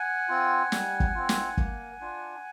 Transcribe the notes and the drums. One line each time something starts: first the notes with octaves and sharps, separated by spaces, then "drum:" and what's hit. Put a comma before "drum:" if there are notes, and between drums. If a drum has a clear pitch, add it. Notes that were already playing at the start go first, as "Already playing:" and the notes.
Already playing: F#5 G#5
C4 F4
G3, drum: snare
drum: kick
C4 F4
drum: snare
A#3, drum: kick
D4 F4